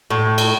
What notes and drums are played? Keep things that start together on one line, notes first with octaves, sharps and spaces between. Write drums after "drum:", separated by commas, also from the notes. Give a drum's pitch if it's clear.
A2
drum: cymbal